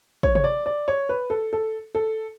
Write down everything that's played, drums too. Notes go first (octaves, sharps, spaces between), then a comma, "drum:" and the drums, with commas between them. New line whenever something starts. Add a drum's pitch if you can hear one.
C#5, drum: kick
C#5, drum: tom C3
D5
D5
C#5
B4
A4
A4
A4